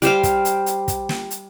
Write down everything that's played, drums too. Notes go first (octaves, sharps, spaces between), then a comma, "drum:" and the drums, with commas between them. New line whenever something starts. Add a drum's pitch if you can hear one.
G3 G4 C5 F5, drum: hi-hat
drum: kick, hi-hat
drum: hi-hat
drum: hi-hat
drum: kick, hi-hat
drum: snare
drum: hi-hat